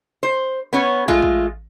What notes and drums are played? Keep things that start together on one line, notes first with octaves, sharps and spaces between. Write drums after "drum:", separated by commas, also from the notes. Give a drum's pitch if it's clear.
C5
B3 C#4 C#5
G#3 A3 F4, drum: kick
drum: kick